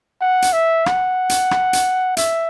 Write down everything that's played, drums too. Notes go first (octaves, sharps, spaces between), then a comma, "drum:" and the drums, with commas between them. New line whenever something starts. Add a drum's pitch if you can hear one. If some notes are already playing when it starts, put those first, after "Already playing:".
F#5
drum: hi-hat
E5
F#5, drum: rim click
drum: hi-hat
drum: rim click
drum: hi-hat
E5, drum: hi-hat